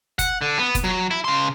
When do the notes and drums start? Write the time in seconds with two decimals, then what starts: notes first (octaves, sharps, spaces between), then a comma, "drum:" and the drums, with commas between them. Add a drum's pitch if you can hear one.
0.19 F#5, drum: kick, hi-hat
0.42 D3
0.58 B3
0.75 drum: kick, hi-hat
0.84 F#3
1.11 E4
1.24 C#3 C6